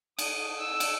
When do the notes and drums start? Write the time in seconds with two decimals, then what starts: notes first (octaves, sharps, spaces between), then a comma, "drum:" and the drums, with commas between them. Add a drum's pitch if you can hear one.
0.19 D#6, drum: cymbal
0.58 E6
0.80 drum: cymbal